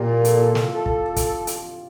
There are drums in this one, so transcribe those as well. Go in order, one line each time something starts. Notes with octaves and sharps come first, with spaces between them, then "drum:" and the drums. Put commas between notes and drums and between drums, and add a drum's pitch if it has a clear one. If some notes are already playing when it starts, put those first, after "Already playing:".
Already playing: A#2 F4 G4
A4, drum: hi-hat
drum: snare
A4
drum: kick
drum: kick, hi-hat
drum: hi-hat